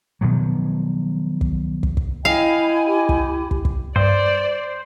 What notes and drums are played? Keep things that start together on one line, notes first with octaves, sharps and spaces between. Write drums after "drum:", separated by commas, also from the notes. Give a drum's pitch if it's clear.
B2 D#3 F3 F#3
drum: kick
drum: kick
drum: kick
E4 D#5 F5 G5 G#5
G4
drum: kick
drum: kick
drum: kick
G2 C5 D5